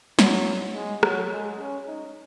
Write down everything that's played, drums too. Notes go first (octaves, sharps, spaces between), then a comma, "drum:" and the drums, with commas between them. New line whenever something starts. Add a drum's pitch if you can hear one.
F#3, drum: snare
G#3
F#3, drum: rim click
G#3
C#4
D#4